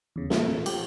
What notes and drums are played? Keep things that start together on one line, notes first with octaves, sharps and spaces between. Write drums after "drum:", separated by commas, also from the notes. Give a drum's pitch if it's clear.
E2 C#3
A#2 F3 A3, drum: snare
G4, drum: cymbal